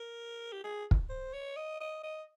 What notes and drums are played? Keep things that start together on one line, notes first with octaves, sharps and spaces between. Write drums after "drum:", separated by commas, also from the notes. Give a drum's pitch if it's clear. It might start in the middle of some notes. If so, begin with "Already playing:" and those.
Already playing: A#4
G4
G#4
drum: kick
C5
C#5
D#5
D#5
D#5